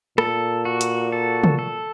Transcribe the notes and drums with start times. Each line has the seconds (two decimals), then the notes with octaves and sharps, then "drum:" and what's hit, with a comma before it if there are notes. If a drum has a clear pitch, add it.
0.18 A#2 A4, drum: rim click
0.65 F#4
0.81 drum: hi-hat
1.12 A4
1.44 drum: tom
1.59 A4